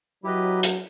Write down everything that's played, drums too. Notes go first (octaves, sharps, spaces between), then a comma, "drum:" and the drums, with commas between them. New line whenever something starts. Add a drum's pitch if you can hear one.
F#3 E4 G4 B4 D#5
drum: hi-hat